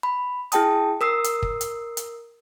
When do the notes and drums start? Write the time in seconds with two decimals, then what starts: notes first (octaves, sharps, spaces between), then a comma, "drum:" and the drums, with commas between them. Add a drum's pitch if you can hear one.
0.03 B5
0.52 E4 G#4 G5 A5 D#6, drum: hi-hat
1.01 A#4 D#6 E6 C7
1.24 drum: hi-hat
1.43 drum: kick
1.61 drum: hi-hat
1.97 drum: hi-hat